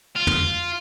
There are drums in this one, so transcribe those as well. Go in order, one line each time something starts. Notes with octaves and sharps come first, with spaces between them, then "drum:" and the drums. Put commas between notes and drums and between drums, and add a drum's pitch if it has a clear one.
F4
drum: tom